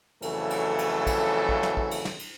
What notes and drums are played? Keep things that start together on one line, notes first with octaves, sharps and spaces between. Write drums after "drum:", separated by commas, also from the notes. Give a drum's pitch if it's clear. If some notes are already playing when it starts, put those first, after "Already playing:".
F2 C#3 E3 F#3 A3 A4, drum: cymbal
drum: cymbal
drum: cymbal
drum: kick, cymbal
drum: kick
drum: snare
drum: kick
drum: cymbal
drum: snare
drum: cymbal